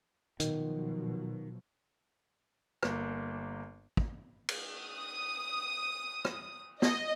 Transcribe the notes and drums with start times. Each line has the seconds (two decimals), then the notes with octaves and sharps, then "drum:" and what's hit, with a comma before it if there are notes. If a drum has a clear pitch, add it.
0.40 B2 D#3 F3 F#3, drum: hi-hat
2.83 G1 A#3, drum: rim click
3.97 drum: kick
4.49 drum: cymbal
4.80 D#6
6.25 drum: rim click
6.82 D#5, drum: snare